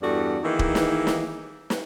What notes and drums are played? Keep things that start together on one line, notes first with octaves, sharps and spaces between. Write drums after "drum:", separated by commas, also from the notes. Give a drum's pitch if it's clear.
E2 G2 F#4 A4 D5
D#3 E3 A#3 D#4 G#4
drum: kick D#1
drum: snare
drum: snare
drum: snare